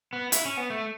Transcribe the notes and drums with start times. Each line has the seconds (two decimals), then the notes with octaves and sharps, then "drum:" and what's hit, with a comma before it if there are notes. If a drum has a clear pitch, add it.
0.13 B3
0.32 E4, drum: hi-hat
0.45 C#4
0.57 B3
0.70 A3